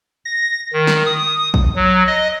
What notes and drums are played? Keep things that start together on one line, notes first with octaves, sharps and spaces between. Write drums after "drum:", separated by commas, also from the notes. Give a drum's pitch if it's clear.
A#6
D#3
drum: snare
D#6
drum: kick A#1
F#3
D#5